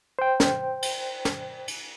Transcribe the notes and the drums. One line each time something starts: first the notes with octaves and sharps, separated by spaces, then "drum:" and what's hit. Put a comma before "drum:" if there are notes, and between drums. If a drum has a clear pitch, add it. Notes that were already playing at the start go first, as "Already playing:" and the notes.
C5 G5
drum: snare
drum: cymbal
drum: snare
drum: cymbal